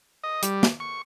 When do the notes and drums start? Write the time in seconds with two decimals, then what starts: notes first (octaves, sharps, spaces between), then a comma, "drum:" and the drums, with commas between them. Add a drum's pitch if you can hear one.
0.24 D#5
0.43 G3, drum: hi-hat
0.63 drum: snare
0.80 C#6